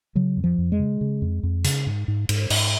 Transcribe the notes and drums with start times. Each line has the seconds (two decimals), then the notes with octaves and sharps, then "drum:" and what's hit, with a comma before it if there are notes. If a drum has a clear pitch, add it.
0.15 C#3 F#3
0.37 F2
0.44 F3
0.58 F2
0.72 G#3
0.79 C#3
1.01 C#3
1.22 F2
1.43 F2
1.64 C#3, drum: hi-hat
1.87 G#2
2.08 G#2
2.29 G#2, drum: cymbal
2.50 G#2, drum: cymbal